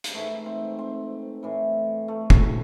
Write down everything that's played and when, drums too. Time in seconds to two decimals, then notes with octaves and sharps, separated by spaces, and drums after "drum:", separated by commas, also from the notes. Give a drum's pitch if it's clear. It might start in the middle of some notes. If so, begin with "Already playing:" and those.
0.04 drum: hi-hat
0.14 G#2 E3 A3
0.46 C4
0.79 C4
1.43 A2 E3
2.08 A3
2.30 drum: kick